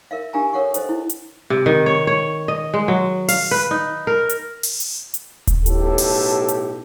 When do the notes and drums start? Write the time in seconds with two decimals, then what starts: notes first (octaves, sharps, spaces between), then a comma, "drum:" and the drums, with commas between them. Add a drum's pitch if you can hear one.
0.11 A#4 E5 F5
0.33 D4 G4 A#4 F5 G#5 A#5
0.53 A4 A#4 C#5 F5 F#5 C#6
0.74 A4 C5 D#5, drum: hi-hat
0.89 E4
1.09 drum: hi-hat
1.50 C3
1.66 D#3
1.86 C#5
2.07 C#5
2.48 D#5
2.74 G#3
2.88 F#3
3.28 F5, drum: open hi-hat
3.51 B4
3.71 D#4
4.07 A#4
4.29 drum: hi-hat
4.63 drum: open hi-hat
4.80 drum: hi-hat
5.14 drum: hi-hat
5.47 drum: kick D#1, hi-hat
5.66 B1 A2 G4 A4, drum: hi-hat
5.98 drum: open hi-hat
6.48 drum: hi-hat